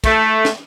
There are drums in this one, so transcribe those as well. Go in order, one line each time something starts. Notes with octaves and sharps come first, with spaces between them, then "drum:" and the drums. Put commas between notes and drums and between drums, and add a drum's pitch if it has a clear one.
A3, drum: kick, cymbal
drum: snare